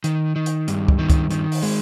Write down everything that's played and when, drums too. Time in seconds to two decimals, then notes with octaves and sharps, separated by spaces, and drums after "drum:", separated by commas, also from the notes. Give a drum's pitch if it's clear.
0.04 D#3, drum: hi-hat
0.36 D#3
0.46 drum: hi-hat
0.68 G2, drum: hi-hat
0.88 drum: kick
0.99 D#3
1.10 drum: kick, hi-hat
1.31 D#3, drum: hi-hat
1.52 drum: open hi-hat
1.63 G#3